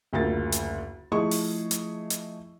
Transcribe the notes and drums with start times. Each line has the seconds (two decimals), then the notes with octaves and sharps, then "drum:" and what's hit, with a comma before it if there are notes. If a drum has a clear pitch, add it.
0.13 F#1 D2 F4 A#4 A6
0.52 drum: hi-hat
1.12 F3 A3 E4 G#4 D#5 C#6
1.31 drum: open hi-hat
1.71 drum: hi-hat
2.10 drum: hi-hat